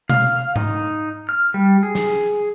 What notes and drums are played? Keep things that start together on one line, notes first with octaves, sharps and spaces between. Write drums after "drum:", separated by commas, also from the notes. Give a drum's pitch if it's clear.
F5, drum: tom B2
D#4, drum: tom G#2
F6
G3
G#4
drum: snare